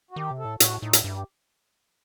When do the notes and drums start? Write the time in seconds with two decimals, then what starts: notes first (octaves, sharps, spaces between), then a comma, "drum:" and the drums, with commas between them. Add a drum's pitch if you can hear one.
0.11 F#4
0.16 D#3 G4
0.31 C3
0.38 A4
0.45 A2
0.60 A2 F#4, drum: hi-hat
0.82 A2 D#4
0.93 drum: hi-hat
1.04 G2 E4
1.15 G4